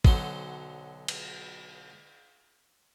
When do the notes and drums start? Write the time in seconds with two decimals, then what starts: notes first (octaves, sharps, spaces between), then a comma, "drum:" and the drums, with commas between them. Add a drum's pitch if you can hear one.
0.05 B1 D3 F#3 C5, drum: kick
1.08 drum: cymbal